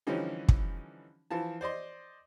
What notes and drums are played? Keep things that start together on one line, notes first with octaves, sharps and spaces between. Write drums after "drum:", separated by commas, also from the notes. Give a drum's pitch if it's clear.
D3 E3 F3 G3 C#4 D#4
drum: kick
E3 F3 F4 A5
C5 D5 D#5 C6